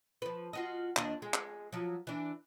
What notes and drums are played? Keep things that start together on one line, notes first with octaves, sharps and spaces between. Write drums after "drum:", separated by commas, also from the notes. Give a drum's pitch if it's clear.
F3 B4
F4 F#4 D#5
D#2 D4 D#5, drum: clap
G#3
drum: clap
F3 F#3
E3 D4